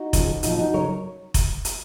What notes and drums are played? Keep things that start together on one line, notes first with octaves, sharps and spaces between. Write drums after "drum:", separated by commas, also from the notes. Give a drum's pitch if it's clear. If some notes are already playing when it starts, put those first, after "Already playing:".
Already playing: D#4 F#4
F2 C#3 F3, drum: kick F1, hi-hat
A#2 F3 D#4 F#4, drum: hi-hat
D#4 F#4
C#3 F#3 A#4 C#5
drum: kick F1, hi-hat
drum: hi-hat